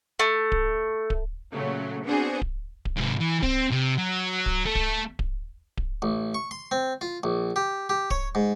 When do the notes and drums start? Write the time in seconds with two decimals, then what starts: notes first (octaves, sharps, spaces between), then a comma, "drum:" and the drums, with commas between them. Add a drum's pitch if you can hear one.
0.19 A3
0.52 drum: kick D1
1.10 drum: kick D1
1.52 A#2 C#3 F#3 A3
2.05 B3 C4 D4 F#4 G#4 C5
2.42 drum: kick D1
2.85 drum: kick D1
2.97 G#2 C3
3.20 E3
3.43 C4, drum: kick D1
3.71 C3
3.98 F#3
4.46 drum: kick D1
4.66 A3 A4
4.75 drum: kick D1
5.19 drum: kick D1
5.77 drum: kick D1
6.02 A1
6.34 C#6
6.51 C6
6.71 C4
7.01 F4
7.23 A#1
7.56 G4
7.89 G4
8.11 C#5, drum: kick D1
8.35 G#2